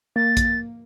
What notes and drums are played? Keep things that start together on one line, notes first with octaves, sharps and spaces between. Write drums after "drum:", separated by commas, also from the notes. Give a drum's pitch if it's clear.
A#3 A6
drum: kick A#1, hi-hat